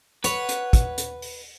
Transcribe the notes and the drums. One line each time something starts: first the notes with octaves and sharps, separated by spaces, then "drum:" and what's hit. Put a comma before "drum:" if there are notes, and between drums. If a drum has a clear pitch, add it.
B4 C#5 F#5, drum: hi-hat
drum: hi-hat
drum: kick, hi-hat
drum: hi-hat
drum: open hi-hat